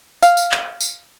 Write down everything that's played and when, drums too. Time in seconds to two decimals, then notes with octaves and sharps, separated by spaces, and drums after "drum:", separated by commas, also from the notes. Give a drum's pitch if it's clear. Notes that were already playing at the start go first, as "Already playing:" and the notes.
0.23 F5, drum: tambourine
0.37 drum: tambourine
0.52 drum: clap
0.81 drum: tambourine